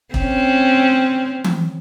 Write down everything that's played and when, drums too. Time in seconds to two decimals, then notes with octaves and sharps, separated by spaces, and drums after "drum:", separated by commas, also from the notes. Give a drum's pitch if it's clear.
0.14 C4 C#4, drum: kick
1.44 drum: tom E3